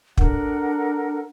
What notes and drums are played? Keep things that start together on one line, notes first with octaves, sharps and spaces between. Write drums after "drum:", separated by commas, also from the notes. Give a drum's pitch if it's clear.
D4 A4 A#4 F#5, drum: kick